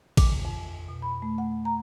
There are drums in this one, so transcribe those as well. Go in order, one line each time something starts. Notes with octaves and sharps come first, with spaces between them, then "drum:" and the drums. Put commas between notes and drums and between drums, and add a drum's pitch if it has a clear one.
D6, drum: kick, cymbal
F2
B2
B5
A3
F#5
A#5